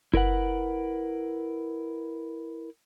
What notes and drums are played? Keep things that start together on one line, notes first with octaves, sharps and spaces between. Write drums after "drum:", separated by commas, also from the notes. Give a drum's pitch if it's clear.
E4 A#4 B4 F#5, drum: kick F#1